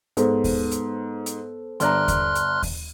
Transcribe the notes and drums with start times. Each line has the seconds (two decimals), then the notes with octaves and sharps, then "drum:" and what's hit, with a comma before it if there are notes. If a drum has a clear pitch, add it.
0.17 G#2 B3 A4 C5, drum: hi-hat
0.44 drum: kick D#2, open hi-hat
0.71 drum: hi-hat
1.26 drum: hi-hat
1.80 G1 D5 A#5 C6 F6 F#6, drum: hi-hat
2.08 drum: kick D#2, hi-hat
2.35 drum: hi-hat
2.63 drum: kick D#2, open hi-hat